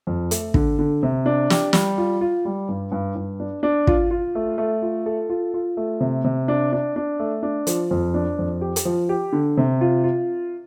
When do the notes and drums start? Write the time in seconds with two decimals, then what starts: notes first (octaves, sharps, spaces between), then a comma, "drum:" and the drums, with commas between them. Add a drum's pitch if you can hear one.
0.07 F2
0.31 A3, drum: hi-hat
0.54 D3, drum: kick
0.79 D3
1.03 C3
1.26 D4
1.50 G4, drum: snare
1.73 G3, drum: snare
1.98 F4
2.21 F4
2.45 G3
2.68 G2
2.92 G2
3.15 G2
3.40 D4
3.63 D4
3.87 F4, drum: kick
4.11 F4
4.35 A3
4.58 A3
4.82 F4
5.06 A4
5.29 F4
5.54 F4
5.77 A3
6.00 C3
6.24 C3
6.48 D4
6.73 D4
6.96 D4
7.20 A3
7.43 D4
7.67 F3, drum: hi-hat
7.91 F2
8.14 D4
8.38 F2
8.61 G4
8.76 drum: hi-hat
8.85 F3
9.09 G4
9.33 D3
9.57 C3
9.81 F4
10.04 F4